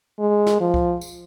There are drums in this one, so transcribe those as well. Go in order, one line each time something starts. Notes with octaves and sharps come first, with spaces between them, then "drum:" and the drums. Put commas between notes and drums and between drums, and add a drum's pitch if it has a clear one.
G#3
drum: snare
F3
drum: kick C#2
drum: tambourine